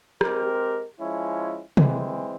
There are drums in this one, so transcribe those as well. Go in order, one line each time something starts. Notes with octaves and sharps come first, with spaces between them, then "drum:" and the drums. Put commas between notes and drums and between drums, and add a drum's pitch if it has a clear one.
G#3 C4 G4 A#4, drum: rim click
F3 G#3 C#4 E4
E3 G#3 C4, drum: tom C3